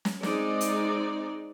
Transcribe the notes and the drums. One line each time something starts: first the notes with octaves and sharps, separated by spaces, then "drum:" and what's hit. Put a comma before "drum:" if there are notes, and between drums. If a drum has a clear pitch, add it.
drum: snare
G#3 C4 D#4 D5, drum: snare
drum: hi-hat